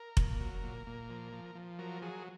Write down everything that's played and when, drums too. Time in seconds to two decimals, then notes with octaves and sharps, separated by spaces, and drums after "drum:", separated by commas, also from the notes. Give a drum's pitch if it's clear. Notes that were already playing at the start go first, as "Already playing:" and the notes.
Already playing: A#4
0.17 A#2, drum: kick F1
0.40 F#3
0.64 A#2
0.87 A#2
1.10 F3
1.33 F3
1.55 F3
1.79 F#3 A#4
2.02 F#3 G#4